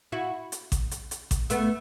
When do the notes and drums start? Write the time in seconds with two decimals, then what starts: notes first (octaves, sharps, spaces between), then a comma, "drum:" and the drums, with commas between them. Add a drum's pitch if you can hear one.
0.12 E4 F#4
0.52 drum: hi-hat
0.72 drum: kick A1, hi-hat
0.91 drum: hi-hat
1.11 drum: hi-hat
1.31 drum: kick A1, hi-hat
1.50 A3 B3, drum: hi-hat